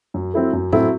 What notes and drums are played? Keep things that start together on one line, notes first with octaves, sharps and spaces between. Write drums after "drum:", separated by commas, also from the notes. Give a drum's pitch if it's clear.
F#2
F#3 C4 E4 A4
F#2
F#3 C4 E4 A4, drum: tom A2